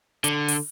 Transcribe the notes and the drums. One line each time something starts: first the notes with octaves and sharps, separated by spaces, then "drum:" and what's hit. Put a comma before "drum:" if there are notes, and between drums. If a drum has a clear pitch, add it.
D3, drum: hi-hat
drum: open hi-hat